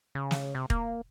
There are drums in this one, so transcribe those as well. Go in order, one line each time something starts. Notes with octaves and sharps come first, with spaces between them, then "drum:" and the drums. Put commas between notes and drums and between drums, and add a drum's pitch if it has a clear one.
C#3
drum: snare
C3
A#3, drum: kick